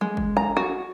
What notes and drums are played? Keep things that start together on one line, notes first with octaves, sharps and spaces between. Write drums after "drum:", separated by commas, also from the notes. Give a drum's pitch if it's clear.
G#3
drum: kick
A#5
F#4